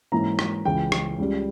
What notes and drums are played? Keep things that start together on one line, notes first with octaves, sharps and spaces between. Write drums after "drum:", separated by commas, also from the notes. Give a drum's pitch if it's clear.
G#2 E3 A#3 C#4 E4 A#5
drum: rim click
C#2 C#3 E3 G5
drum: rim click
C#2 C#3 G3